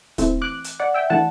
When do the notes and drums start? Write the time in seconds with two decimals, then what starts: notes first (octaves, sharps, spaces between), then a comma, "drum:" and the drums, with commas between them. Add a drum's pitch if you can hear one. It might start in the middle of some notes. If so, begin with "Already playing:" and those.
0.18 E3 A3 C4, drum: kick, hi-hat
0.42 D6 F#6
0.65 drum: hi-hat
0.80 D5 F#5
0.94 E5 G5
1.10 E3 A3 D4 F#5 A5